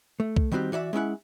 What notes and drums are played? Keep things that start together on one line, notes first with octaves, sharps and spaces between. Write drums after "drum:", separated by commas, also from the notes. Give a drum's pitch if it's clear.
A3
drum: kick C2
D#3 G3 C4 F#4 G4
E3 F#4 D5 E5
G#3 C#4 E4 F#5